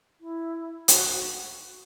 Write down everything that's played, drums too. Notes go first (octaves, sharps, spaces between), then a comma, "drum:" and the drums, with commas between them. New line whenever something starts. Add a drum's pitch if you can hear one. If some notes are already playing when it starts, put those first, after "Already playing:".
E4
F#4, drum: hi-hat